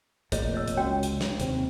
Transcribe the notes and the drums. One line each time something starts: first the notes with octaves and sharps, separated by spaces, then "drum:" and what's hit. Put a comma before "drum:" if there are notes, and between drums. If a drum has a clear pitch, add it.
F1 A#2 G#4 C#5 D#5, drum: kick, hi-hat
C#5 D#5 E6
drum: hi-hat
C#2 F#4 C#5 G5
drum: hi-hat
drum: snare
D#2 C3 C4, drum: hi-hat